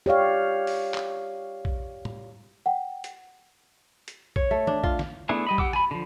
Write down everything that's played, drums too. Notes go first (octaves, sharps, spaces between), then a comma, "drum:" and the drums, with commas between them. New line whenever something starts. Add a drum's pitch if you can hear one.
G4 C#5 D5 F5
drum: open hi-hat
drum: clap
drum: kick A#1
drum: tom
F#5 G5
drum: hi-hat
drum: hi-hat
C#5, drum: kick A#1
A3
D4, drum: tom
F4, drum: kick A#1
drum: snare
A3 B3 D4 E4 G#4
G3 D#5 B5
G4 F#5 D6 E6, drum: kick A#1
G#5 B5, drum: rim click
D3 F3